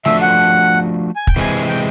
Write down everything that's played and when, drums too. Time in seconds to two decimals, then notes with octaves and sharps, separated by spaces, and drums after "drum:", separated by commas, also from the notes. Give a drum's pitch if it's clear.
0.05 F3 A3 D4 F#4 E5, drum: snare A3
0.22 F#5
1.16 G#5
1.27 G5, drum: kick
1.36 C3 E3 G#3 C4 G#5
1.69 G5